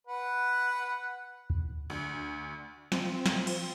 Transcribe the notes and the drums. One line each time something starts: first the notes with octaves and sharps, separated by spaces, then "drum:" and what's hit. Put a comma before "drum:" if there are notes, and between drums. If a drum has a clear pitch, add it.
B4 F#5
drum: kick
D2
F3 C4, drum: snare
drum: snare
drum: cymbal